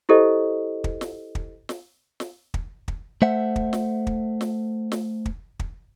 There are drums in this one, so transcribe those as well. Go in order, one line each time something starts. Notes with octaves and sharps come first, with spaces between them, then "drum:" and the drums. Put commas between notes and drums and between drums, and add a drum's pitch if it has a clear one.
E4 G4 A4 C5 D#5
drum: kick
drum: snare
drum: kick
drum: snare
drum: snare
drum: kick
drum: kick
A3 C5 E5 F#5
drum: kick
drum: snare
drum: kick
drum: snare
drum: snare
drum: kick
drum: kick